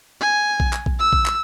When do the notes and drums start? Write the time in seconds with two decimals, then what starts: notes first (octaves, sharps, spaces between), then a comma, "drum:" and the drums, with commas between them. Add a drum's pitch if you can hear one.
0.21 G#5
0.60 drum: kick A#1
0.73 drum: clap
0.86 drum: kick A#1
0.99 E6
1.13 drum: kick A#1
1.26 drum: clap